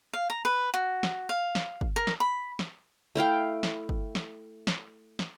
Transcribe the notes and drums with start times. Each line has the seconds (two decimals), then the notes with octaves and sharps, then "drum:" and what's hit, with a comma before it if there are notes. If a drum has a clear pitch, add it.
0.13 F5
0.30 A#5
0.45 B4
0.74 F#4
1.03 drum: snare
1.29 F5
1.55 drum: snare
1.81 drum: kick G1
1.96 A#4
2.07 drum: snare
2.20 B5
2.59 drum: snare
3.15 A3 E4 F5 G5
3.63 drum: snare
3.89 drum: kick G1
4.15 drum: snare
4.67 drum: snare
5.19 drum: snare